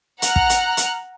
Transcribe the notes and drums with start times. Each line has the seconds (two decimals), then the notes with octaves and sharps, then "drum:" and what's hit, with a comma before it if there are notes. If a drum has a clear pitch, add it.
0.22 F#5 A#5 F6 F#6, drum: hi-hat
0.36 drum: kick
0.50 drum: hi-hat
0.77 drum: hi-hat